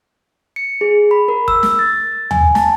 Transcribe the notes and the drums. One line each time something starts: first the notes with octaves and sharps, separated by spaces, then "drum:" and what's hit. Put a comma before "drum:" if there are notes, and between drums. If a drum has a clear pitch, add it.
C#7
G#4
B5
A#4
E6, drum: kick
drum: snare
A6
G#5, drum: tom
A5, drum: snare